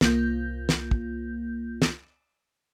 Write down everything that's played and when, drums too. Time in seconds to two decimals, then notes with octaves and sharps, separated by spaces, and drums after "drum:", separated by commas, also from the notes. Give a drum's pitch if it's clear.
0.01 C2 A#3 F4 G6, drum: snare
0.69 drum: snare
0.91 drum: kick
1.82 drum: snare